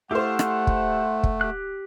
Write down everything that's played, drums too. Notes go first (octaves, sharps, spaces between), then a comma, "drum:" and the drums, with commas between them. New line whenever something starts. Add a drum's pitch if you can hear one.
A3 E4 G4 A4 C5 F5 F#5
drum: rim click
drum: kick
drum: kick
G4 F#6